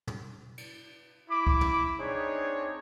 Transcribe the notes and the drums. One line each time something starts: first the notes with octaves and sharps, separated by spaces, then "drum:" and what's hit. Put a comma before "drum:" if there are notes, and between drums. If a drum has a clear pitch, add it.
drum: tom
drum: cymbal
E4 B5 D6
drum: kick C#2
drum: tom
C4 D4 D#4 G#4 C#5